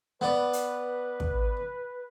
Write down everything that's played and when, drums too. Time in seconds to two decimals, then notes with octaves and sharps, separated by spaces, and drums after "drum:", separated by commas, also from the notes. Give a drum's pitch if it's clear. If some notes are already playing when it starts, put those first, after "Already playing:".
0.21 B3 B4 D5
0.53 drum: hi-hat
1.20 drum: kick